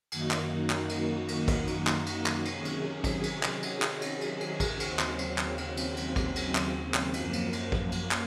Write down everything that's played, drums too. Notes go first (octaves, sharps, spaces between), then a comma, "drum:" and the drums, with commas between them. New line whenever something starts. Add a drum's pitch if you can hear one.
F#2 D#3 A#3 D#4 F#4, drum: cymbal
drum: clap
drum: clap
drum: cymbal
drum: cymbal
drum: kick, cymbal
drum: cymbal
drum: clap
drum: cymbal
drum: clap
C3 D#3 F#3 C#4 G#4, drum: cymbal
drum: cymbal
drum: kick, cymbal
drum: cymbal
drum: clap
drum: cymbal
drum: clap
drum: cymbal
drum: cymbal
drum: cymbal
drum: kick, cymbal
D#2 C#3 F#3 C4, drum: cymbal
drum: clap
drum: cymbal
drum: clap
drum: cymbal
drum: cymbal
drum: cymbal
drum: kick, cymbal
drum: cymbal
drum: clap
drum: clap
F#2 F3 A#3, drum: cymbal
drum: cymbal
drum: cymbal
drum: kick
drum: cymbal
drum: clap